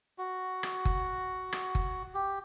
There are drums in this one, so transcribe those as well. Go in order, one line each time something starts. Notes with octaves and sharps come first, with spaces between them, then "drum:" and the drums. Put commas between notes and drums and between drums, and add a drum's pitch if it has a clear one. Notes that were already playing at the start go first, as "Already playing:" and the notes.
F#4
drum: rim click
drum: kick F#1
drum: rim click
drum: kick F#1
G4